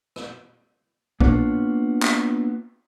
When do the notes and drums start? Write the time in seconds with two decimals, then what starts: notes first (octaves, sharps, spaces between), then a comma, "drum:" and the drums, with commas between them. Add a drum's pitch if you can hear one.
0.16 drum: rim click
1.20 A#3 B3 D4 F4 C#5, drum: kick B1
2.03 drum: clap